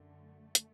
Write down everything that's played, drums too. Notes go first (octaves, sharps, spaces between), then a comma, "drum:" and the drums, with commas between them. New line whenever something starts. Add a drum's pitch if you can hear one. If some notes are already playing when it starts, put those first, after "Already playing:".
Already playing: F#2 D3 A3
drum: hi-hat